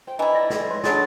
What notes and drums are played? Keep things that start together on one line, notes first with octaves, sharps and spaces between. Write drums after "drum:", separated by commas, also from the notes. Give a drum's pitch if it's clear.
C5 G5
E3 E4 D#5 G#5 A#5
D5 A#6
drum: snare
B4 C#5 C6
E3 F#3 D4 G#4 C#5 A6, drum: snare